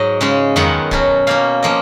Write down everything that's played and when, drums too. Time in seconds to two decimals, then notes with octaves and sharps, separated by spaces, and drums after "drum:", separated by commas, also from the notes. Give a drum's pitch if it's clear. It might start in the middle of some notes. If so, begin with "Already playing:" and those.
Already playing: G#2 F#3 D#5
0.21 C#3 G#3 C#4
0.56 F#2 D#3 G#3 B3 F#5, drum: tom E2
0.91 B2 F#3 C#4, drum: kick
1.27 B2 A#3 C#4 F5
1.63 F3 A#3 C#4 D#5